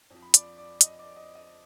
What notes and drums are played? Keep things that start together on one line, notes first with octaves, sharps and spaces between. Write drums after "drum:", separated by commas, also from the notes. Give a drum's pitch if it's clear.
F2 F3
B5
D5 D6, drum: hi-hat
D5 D6
D#5 D#6, drum: hi-hat
D5 D6
D#5
D#5